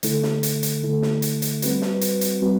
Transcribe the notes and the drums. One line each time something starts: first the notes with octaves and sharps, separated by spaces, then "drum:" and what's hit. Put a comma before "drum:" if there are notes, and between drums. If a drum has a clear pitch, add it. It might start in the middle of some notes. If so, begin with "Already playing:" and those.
D3 A3 E4 A4, drum: hi-hat
drum: snare
drum: hi-hat
drum: hi-hat
D3 A3 E4 A4
drum: snare
drum: hi-hat
drum: hi-hat
G3 C4 F#4 B4, drum: hi-hat
drum: snare
drum: hi-hat
drum: hi-hat
G3 C4 F#4 B4